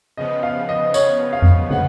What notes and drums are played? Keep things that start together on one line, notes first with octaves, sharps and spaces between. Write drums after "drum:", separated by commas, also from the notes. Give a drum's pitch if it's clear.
C#3 F3 B3 D#5
F5
D#5
C#5, drum: tambourine
F5
drum: tom F2
F#5, drum: tom